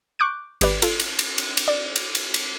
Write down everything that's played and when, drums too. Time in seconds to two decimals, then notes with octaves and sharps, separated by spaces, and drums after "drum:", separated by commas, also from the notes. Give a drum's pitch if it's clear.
0.19 C#6 D6 F#6 G6 D7
0.61 G#1 G4 B4 D5, drum: cymbal
0.82 F4 A4, drum: cymbal
1.00 drum: cymbal
1.19 drum: cymbal
1.38 drum: cymbal
1.57 drum: cymbal
1.68 D5
1.96 drum: cymbal
2.15 drum: cymbal
2.34 drum: cymbal